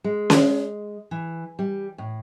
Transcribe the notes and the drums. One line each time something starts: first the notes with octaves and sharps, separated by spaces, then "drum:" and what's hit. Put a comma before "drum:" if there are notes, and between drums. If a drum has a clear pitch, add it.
G#3
drum: snare C#4
E3
G3
A2